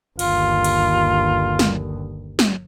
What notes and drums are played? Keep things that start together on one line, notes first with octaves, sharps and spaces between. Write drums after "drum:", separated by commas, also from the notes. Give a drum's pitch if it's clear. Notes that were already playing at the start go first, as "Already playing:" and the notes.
G1 D#2 F4, drum: cymbal
drum: cymbal
drum: snare
drum: snare